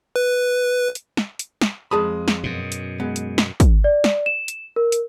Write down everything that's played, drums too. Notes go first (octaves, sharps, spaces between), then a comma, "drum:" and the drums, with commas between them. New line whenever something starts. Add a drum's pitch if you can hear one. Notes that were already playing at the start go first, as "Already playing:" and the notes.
B4
drum: hi-hat
drum: snare
drum: hi-hat
drum: snare
F2 G#3 A5 B5 D#6
drum: snare
F#2 B2
drum: hi-hat
G#3 B3
drum: hi-hat
drum: snare
drum: kick, hi-hat
D5
drum: snare
E7
drum: hi-hat
A#4
drum: hi-hat